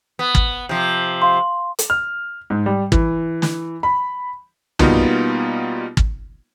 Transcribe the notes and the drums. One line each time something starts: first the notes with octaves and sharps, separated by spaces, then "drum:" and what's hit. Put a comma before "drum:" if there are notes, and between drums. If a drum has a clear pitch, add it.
B3
drum: kick
C3 F3
F5 C6
drum: hi-hat
F6
G#2
G3
E3, drum: kick
drum: snare
B5
B2 G3 A#3 B3 D#4 F4, drum: tom
drum: kick